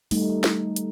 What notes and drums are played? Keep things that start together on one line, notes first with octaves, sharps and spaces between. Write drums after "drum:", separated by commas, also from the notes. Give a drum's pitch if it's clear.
G3 A3 D#4, drum: open hi-hat
drum: snare
drum: hi-hat